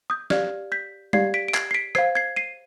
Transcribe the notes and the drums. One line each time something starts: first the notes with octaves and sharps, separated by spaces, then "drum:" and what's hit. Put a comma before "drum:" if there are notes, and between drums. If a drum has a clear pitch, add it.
D#6 G6
G4 D5 F5 F6 G#6, drum: snare
G6 B6
G4 D5 F5 G#6 C7, drum: tom G3
B6 D7
D7
G#6 C7, drum: clap
C7
B6 D7
C5 F5 G#6 C7, drum: rim click
G#6 C7
C7 D#7